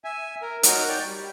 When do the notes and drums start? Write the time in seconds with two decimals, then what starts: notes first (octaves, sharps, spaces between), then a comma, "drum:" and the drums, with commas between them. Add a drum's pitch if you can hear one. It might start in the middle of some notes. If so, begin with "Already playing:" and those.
0.04 E5 G#5
0.42 A#4
0.63 D#4 F#4 A#4 C#5, drum: hi-hat
0.88 C#5 D5 G5
1.05 G3